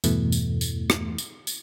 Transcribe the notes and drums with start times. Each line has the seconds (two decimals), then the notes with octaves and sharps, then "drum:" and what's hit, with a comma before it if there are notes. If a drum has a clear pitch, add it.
0.04 E2 G2 B2 E3 A3, drum: tambourine
0.32 drum: tambourine
0.61 drum: tambourine
0.90 drum: rim click
1.18 drum: tambourine
1.47 drum: tambourine